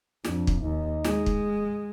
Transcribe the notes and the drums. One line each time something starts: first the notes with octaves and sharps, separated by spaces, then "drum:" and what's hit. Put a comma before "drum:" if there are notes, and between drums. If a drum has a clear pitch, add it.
F2 D4, drum: snare
drum: kick
D#2 D#4
G#3, drum: snare
drum: kick